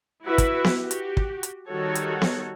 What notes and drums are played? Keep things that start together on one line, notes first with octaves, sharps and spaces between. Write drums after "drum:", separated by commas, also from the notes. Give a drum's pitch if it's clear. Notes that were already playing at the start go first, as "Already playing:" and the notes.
E4 F#4 B4 E5
drum: kick, hi-hat
drum: snare B3
F#4 G4
drum: hi-hat
drum: kick
drum: hi-hat
D#3 G3 F#4 A4 C#5
drum: hi-hat
drum: snare B3